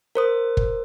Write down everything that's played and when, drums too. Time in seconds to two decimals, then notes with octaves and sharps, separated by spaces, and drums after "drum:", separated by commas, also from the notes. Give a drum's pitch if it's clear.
0.15 A#4 C5 D#6
0.57 drum: kick